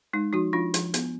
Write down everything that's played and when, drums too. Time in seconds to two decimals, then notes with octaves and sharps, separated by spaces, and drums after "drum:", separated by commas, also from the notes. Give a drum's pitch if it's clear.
0.13 G#3 D#4
0.33 F3 D#4 F#4
0.53 F3 D4 F4
0.74 F3, drum: hi-hat
0.94 B3, drum: hi-hat